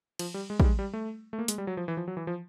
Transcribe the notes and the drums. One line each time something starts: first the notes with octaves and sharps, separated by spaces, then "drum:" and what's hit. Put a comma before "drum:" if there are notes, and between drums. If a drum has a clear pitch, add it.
F3, drum: cymbal
G3
G#3
G3, drum: kick
G#3
G3
A3
A3
A#3
G#3, drum: hi-hat
G3
F#3
F3
E3
F3
F#3
E3
F3